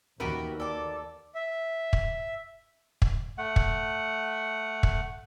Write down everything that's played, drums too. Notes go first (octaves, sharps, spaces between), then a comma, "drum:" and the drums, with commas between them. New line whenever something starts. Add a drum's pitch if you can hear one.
D#2 B3 F#4 G4 A#4 B4 E5
A4 D5 D6
E5
drum: kick
drum: kick
A3 F#5
drum: kick
drum: kick